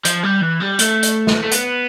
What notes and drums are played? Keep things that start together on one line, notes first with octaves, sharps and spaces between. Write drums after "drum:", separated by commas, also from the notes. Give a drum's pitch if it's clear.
F3, drum: hi-hat
G3
E3
G3
A3, drum: hi-hat
drum: hi-hat
drum: snare
A3
B3, drum: hi-hat